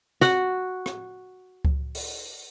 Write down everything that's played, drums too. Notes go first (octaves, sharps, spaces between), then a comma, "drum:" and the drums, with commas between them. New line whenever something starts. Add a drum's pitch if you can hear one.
F#4 F#5, drum: snare
drum: rim click
drum: kick C#2
drum: open hi-hat